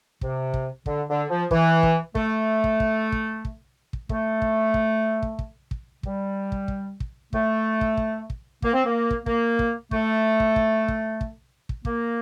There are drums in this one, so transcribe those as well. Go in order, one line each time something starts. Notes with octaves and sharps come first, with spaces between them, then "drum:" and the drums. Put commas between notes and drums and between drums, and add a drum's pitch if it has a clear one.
C3, drum: kick
drum: kick
D3, drum: kick
D3
F3
E3, drum: kick
drum: kick
A3, drum: kick
drum: kick
drum: kick
drum: kick
drum: kick
drum: kick
A3, drum: kick
drum: kick
drum: kick
drum: kick
drum: kick
drum: kick
G3, drum: kick
drum: kick
drum: kick
drum: kick
A3, drum: kick
drum: kick
drum: kick
drum: kick
A#3, drum: kick
C4
A#3
drum: kick
A#3, drum: kick
drum: kick
A3, drum: kick
drum: kick
drum: kick
drum: kick
drum: kick
drum: kick
A#3, drum: kick